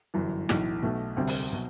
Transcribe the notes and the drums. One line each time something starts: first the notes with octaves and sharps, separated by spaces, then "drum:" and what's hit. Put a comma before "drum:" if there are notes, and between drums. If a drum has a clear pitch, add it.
G1 F#2 E3
B1 A2 E3, drum: snare
B1 B2 A3
D2 C3 G3 C4
drum: open hi-hat
B2 F#3